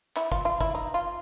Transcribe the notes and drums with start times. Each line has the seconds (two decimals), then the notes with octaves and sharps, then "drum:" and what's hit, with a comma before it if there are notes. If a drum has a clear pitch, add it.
0.16 E4, drum: clap
0.32 F4, drum: kick
0.45 F4
0.60 E4, drum: kick
0.75 D#4
0.94 F4